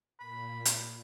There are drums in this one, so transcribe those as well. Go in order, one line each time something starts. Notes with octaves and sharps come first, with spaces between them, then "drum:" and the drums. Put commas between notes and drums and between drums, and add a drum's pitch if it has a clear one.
A#2 B5
drum: hi-hat